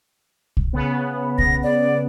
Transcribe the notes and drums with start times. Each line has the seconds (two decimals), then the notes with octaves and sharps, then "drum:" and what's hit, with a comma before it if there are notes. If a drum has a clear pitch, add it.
0.57 drum: kick
0.73 C#3 B3
1.38 A#6, drum: kick
1.64 D5